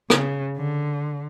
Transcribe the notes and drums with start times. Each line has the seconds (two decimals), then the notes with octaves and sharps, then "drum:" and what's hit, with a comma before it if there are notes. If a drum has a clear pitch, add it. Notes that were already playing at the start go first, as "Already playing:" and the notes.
0.10 C#3, drum: rim click
0.57 D3